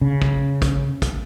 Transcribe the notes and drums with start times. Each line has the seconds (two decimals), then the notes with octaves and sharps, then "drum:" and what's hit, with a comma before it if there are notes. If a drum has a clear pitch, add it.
0.01 C#3
0.22 drum: kick
0.62 drum: kick, hi-hat
1.02 drum: kick, hi-hat